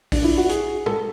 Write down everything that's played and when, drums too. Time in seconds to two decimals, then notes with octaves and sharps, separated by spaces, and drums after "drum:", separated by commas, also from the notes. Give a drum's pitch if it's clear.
0.12 D4, drum: kick A#1, open hi-hat
0.24 E4
0.37 F#4
0.49 G#4, drum: hi-hat
0.86 A4, drum: tom